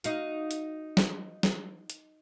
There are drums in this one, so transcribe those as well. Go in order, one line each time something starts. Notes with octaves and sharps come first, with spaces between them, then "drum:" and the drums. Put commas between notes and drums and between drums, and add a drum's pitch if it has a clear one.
D#4 F#4 F5, drum: hi-hat
drum: hi-hat
drum: snare
drum: snare
drum: hi-hat